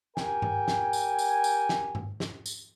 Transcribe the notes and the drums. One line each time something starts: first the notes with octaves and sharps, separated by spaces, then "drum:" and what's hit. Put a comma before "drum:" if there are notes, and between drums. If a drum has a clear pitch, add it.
G4 A#4 G5 G#5, drum: snare
drum: tom G2
drum: snare
drum: tambourine
drum: tambourine
drum: tambourine
drum: snare
drum: tom G2
drum: snare
drum: tambourine